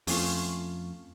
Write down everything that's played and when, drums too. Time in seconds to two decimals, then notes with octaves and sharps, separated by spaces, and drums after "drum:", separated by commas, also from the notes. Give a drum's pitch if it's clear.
0.07 F2 A3 C#4 F4, drum: open hi-hat